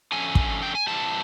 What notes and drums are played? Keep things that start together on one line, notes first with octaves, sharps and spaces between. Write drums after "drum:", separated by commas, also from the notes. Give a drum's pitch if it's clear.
D3 F3 A3 C#4 G#5
drum: kick
G5
G#5
C3 E3 G3 A5